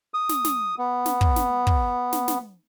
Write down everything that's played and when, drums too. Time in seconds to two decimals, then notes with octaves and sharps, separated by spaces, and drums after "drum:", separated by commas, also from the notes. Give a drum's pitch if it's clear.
0.14 D#6
0.29 drum: snare
0.45 drum: snare
0.78 B3
1.06 drum: snare
1.21 drum: kick
1.36 drum: snare
1.67 drum: kick
2.12 drum: snare
2.28 drum: snare